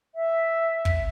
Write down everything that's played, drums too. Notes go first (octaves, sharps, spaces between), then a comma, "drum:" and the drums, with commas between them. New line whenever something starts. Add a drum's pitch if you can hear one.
E5
drum: kick